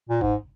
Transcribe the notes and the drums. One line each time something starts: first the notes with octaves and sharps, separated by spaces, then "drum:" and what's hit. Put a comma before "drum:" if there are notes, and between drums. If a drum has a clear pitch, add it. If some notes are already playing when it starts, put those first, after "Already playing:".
A#2
G#2, drum: kick